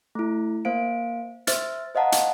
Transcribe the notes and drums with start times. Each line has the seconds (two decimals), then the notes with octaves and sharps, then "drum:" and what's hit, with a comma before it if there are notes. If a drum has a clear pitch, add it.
0.15 A3 E4
0.65 A#3 C5 F5 D7
1.47 C5 E5 F6 A6, drum: hi-hat
1.95 C5 D#5 F5 F#5 A5 A#5
2.12 drum: hi-hat